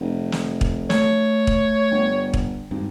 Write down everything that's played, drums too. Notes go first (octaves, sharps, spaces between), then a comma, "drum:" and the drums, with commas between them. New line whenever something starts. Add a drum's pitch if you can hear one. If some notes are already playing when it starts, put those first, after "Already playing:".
F1
drum: snare
drum: kick
A3 C#5, drum: snare
drum: kick
G1
drum: kick
G#1 G2